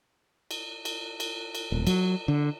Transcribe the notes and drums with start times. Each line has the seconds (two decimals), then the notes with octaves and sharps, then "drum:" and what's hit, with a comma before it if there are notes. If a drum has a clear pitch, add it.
0.51 drum: cymbal
0.85 drum: cymbal
1.20 drum: cymbal
1.55 drum: cymbal
1.72 D#1
1.87 F#3, drum: cymbal
2.28 D3